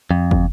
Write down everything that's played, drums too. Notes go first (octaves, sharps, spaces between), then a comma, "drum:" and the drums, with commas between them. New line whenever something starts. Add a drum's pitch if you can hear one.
F2
drum: kick